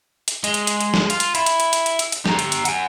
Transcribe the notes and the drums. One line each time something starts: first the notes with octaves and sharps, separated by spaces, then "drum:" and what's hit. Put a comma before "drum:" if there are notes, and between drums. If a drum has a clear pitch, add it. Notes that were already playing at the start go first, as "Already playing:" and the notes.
drum: hi-hat
G#3, drum: hi-hat
drum: hi-hat
drum: hi-hat
drum: hi-hat
drum: snare
F4, drum: hi-hat
drum: hi-hat
E4, drum: hi-hat
drum: hi-hat
drum: hi-hat
drum: hi-hat
drum: hi-hat
drum: hi-hat
drum: hi-hat
G4 A#5, drum: snare
drum: hi-hat
drum: hi-hat
F#5 G#5, drum: hi-hat